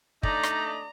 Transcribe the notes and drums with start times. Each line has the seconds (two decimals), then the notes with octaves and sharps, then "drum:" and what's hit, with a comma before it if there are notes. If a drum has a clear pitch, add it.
0.23 A3 D4 D#4 D5 D#5 A#5, drum: kick
0.43 drum: rim click